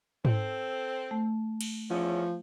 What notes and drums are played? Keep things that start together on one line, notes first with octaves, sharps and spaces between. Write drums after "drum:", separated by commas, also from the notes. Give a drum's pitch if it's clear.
C4 A4, drum: tom G#2
A3
drum: cymbal
E2 F3 C#4